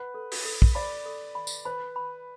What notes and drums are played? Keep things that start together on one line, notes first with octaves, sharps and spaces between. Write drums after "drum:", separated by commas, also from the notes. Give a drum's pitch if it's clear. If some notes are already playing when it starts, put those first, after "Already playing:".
Already playing: B4 F#5
A4
drum: open hi-hat
A4
drum: kick
D5 B5
A4
B5
drum: tambourine
B4 B5
B5